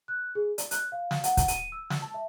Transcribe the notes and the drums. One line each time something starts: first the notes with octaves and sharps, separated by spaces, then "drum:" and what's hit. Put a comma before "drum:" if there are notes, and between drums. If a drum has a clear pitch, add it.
F#6
G#4
D5, drum: hi-hat
F#6, drum: hi-hat
F5
drum: snare
F#5, drum: hi-hat
drum: kick, hi-hat
D#7, drum: hi-hat
E6
drum: snare
A5
E5